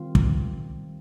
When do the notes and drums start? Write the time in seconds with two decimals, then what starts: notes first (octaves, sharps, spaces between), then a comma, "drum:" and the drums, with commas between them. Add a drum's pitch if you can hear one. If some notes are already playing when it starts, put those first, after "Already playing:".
Already playing: D#3 G3 C4 F4
0.15 drum: kick